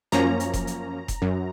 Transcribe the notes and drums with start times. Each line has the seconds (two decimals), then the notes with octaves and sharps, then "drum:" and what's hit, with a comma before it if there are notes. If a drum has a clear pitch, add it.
0.12 F#2 F3 A#3 C#4 A#5, drum: hi-hat
0.40 drum: hi-hat
0.53 drum: kick F1, hi-hat
0.67 drum: hi-hat
1.08 drum: kick F1, hi-hat
1.22 F#2